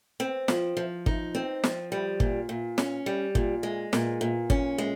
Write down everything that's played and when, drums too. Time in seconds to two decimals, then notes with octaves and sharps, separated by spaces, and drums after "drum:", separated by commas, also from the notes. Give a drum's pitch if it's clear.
0.20 C4
0.48 F3, drum: snare
0.77 F3
1.06 D#4, drum: kick
1.35 C4
1.64 F3, drum: snare
1.92 G3
2.20 A#2, drum: kick
2.49 A#2
2.78 C#4, drum: snare
3.06 G3
3.35 A#2, drum: kick
3.63 G#3
3.93 A#2, drum: snare
4.21 A#2
4.50 C#4, drum: kick
4.78 G#3